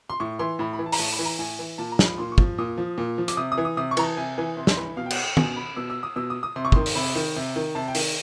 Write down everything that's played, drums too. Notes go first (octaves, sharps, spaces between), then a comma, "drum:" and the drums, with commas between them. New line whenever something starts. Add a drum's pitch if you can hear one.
C6
A2 C#6
E3 C6
A2 B5
B5
E3
A5
A#5, drum: open hi-hat
A2 A5
B5
E3
A#5
A2 G#5
E3
A#2 A5
A#5
F3, drum: snare
B5
A#2 C6
C#6
F3, drum: kick
A#2 D#6
F3
A#2
F3
D6, drum: hi-hat
C3 D#6
D#6
E3
D#6
C3 D#6
C#6
E3 A#5, drum: cymbal
A5
C3 G#5
E3 G#5
C3 C6
C6, drum: snare
E3 B5
B2 F5
G5
F#5, drum: cymbal
G5
B2 G#5, drum: tom
B5
B2 E6
E6
D#6
B2 E6
D#6
D#6
C3 C6
C#6
D#3 C6, drum: kick
drum: open hi-hat
C3 B5
D#3
C3
D#3
C3 A5
G5
D#3, drum: open hi-hat